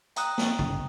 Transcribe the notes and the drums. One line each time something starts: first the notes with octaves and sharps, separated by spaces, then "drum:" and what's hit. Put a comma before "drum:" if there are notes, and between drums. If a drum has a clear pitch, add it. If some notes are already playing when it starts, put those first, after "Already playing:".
G5 A#5 D#6 F#6, drum: hi-hat
drum: snare
drum: kick